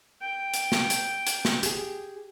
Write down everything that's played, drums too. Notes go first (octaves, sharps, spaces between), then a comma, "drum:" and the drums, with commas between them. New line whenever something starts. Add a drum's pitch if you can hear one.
G5
drum: hi-hat
drum: snare
drum: hi-hat
drum: hi-hat
drum: snare
G4 G#4, drum: hi-hat